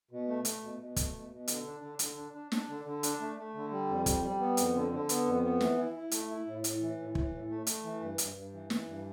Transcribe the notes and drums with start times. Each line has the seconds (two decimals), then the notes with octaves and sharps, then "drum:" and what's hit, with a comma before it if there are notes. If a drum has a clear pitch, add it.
0.11 B2
0.28 A3
0.45 A3, drum: hi-hat
0.63 B2
0.79 B2
0.96 A3, drum: kick, hi-hat
1.13 B2
1.31 B2
1.48 D3, drum: hi-hat
1.66 D4
1.82 D3
1.99 D3, drum: hi-hat
2.16 D4
2.34 D4
2.52 D4, drum: snare
2.69 D3
2.85 D3
3.03 D4, drum: hi-hat
3.20 A3
3.38 A3
3.54 D3
3.71 G3
3.89 F2
4.06 G3, drum: kick, hi-hat
4.23 G3
4.39 B3
4.57 F2, drum: hi-hat
4.74 D3
4.92 D3
5.09 B3, drum: hi-hat
5.26 F2
5.43 B3
5.61 E3, drum: snare
5.77 E4
5.95 E4
6.11 A3, drum: hi-hat
6.29 E4
6.47 A2
6.64 A2, drum: hi-hat
6.81 E3
6.97 A2
7.15 E3, drum: kick
7.32 A2
7.50 A3
7.67 A3, drum: hi-hat
7.83 E3
8.01 G2
8.18 G2, drum: hi-hat
8.36 G2
8.53 E3
8.70 E3, drum: snare
8.87 G2